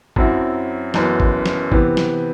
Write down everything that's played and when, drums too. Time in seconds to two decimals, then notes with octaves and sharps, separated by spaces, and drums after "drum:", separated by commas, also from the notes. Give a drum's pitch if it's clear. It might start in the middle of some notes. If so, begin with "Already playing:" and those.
0.16 F#2 F#3 C4 E4, drum: kick
0.94 F#1 F#2 E3 B3, drum: snare
1.20 drum: kick
1.46 drum: snare
1.72 C3 E3 B3, drum: kick
1.97 drum: snare